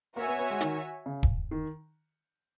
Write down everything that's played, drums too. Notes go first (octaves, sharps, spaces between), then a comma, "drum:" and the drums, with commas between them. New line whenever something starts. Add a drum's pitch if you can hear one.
A#3 F#4 C#5 E5 G#5
B3
B3
G#3
D#3, drum: hi-hat
C#3
drum: kick
D#3